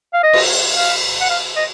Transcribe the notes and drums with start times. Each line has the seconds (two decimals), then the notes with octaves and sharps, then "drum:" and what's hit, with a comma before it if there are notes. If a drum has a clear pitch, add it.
0.14 F5
0.24 D#5
0.33 drum: cymbal
0.77 F5
1.21 F#5
1.30 F5
1.56 D#5